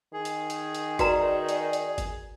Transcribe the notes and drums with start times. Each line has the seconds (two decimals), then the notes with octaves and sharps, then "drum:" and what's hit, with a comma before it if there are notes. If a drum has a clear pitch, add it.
0.13 D#3 G#4
0.25 drum: hi-hat
0.50 drum: hi-hat
0.75 drum: hi-hat
0.99 F#4 B4 D5 A#5, drum: kick G1, hi-hat
1.49 drum: hi-hat
1.73 drum: hi-hat
1.98 drum: kick G1, hi-hat